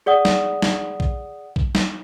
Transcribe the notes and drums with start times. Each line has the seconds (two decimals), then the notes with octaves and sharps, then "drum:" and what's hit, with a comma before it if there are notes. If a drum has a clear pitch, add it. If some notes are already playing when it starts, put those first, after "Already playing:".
0.06 G#4 D5 F#5 D#6
0.25 drum: snare
0.62 drum: snare
1.00 drum: kick A#1
1.56 drum: kick A#1
1.75 drum: snare